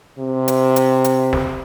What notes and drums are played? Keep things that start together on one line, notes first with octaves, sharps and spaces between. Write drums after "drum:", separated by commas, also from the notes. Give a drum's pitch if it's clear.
C3
drum: hi-hat
drum: hi-hat
drum: hi-hat
drum: snare